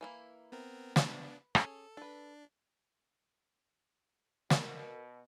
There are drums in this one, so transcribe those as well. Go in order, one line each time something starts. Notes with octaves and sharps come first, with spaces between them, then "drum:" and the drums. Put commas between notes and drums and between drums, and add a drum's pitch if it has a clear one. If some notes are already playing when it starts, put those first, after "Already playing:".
E3 A#3 E4
B3 C4 A#4
B3 D4 B4, drum: snare
C#4 G#4 A4, drum: rim click
D4 A4 B4
B2 A#4, drum: snare